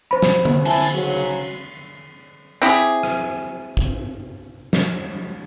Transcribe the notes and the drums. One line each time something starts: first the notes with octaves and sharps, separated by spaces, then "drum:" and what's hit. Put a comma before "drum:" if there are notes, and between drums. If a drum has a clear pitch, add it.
C5 B5
drum: snare
drum: tom D3
E4 G#5 A5, drum: cymbal
B1 C#3 F#3
C4 E4 G4 G#4
drum: rim click
drum: kick
drum: snare